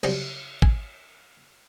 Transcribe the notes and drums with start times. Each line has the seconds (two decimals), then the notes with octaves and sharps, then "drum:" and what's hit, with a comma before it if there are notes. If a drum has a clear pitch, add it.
0.03 C2 C#3 F#3 G3 C5 D5, drum: cymbal
0.62 G#5, drum: kick